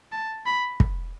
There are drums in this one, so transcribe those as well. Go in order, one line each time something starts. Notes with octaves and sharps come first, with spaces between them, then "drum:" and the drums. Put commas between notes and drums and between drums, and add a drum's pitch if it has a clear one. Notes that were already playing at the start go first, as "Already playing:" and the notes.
A5
B5
drum: kick